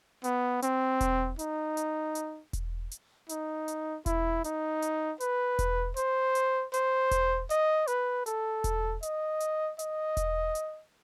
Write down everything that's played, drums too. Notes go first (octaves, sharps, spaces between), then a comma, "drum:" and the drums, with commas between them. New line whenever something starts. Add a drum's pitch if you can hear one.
B3, drum: hi-hat
C4, drum: hi-hat
drum: kick E1, hi-hat
D#4, drum: hi-hat
drum: hi-hat
drum: hi-hat
drum: kick E1, hi-hat
drum: hi-hat
D#4, drum: hi-hat
drum: hi-hat
E4, drum: kick E1, hi-hat
D#4, drum: hi-hat
drum: hi-hat
B4, drum: hi-hat
drum: kick E1, hi-hat
C5, drum: hi-hat
drum: hi-hat
C5, drum: hi-hat
drum: kick E1, hi-hat
D#5, drum: hi-hat
B4, drum: hi-hat
A4, drum: hi-hat
drum: kick E1, hi-hat
D#5, drum: hi-hat
drum: hi-hat
D#5, drum: hi-hat
drum: kick E1, hi-hat
drum: hi-hat